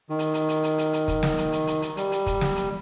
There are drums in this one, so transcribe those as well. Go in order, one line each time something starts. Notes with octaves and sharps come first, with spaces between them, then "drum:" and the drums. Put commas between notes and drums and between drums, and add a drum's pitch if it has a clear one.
D#3
drum: hi-hat
drum: hi-hat
drum: hi-hat
drum: hi-hat
drum: hi-hat
drum: hi-hat
drum: kick, hi-hat
drum: snare
drum: hi-hat
drum: hi-hat
drum: hi-hat
drum: hi-hat
G3, drum: hi-hat
drum: hi-hat
drum: kick, hi-hat
drum: snare
drum: hi-hat